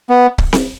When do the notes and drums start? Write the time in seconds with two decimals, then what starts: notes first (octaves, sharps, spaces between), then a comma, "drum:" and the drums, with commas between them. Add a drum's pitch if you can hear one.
0.10 B3
0.38 drum: kick C#1
0.53 drum: snare C4